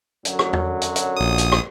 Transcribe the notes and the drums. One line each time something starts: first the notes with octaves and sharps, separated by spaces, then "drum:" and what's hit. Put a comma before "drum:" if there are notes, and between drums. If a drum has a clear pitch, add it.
F#2 D3 F#3, drum: hi-hat
drum: rim click
drum: tom E2
drum: hi-hat
drum: hi-hat
A#1 D#6
drum: hi-hat
drum: rim click